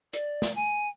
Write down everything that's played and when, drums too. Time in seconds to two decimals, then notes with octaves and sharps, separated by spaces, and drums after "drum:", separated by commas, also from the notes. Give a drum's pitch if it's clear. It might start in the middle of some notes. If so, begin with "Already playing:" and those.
0.13 D5, drum: hi-hat
0.42 drum: snare
0.55 G#5